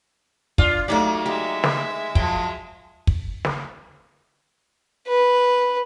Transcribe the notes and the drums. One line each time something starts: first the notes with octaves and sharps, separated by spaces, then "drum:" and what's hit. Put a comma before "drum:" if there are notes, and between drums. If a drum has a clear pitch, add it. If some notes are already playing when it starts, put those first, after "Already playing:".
D4 F4, drum: kick
F#3 A3 A#3 D#4 G4 D5
G#3 G4 E5
drum: snare
F3 F#3 G5, drum: kick
drum: kick
drum: snare
B4